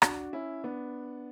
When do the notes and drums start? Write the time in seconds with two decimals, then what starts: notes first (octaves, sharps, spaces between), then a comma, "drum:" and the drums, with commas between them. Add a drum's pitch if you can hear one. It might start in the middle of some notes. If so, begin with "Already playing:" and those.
0.02 D4 F#4, drum: rim click
0.33 C#4 E4
0.63 B3 D4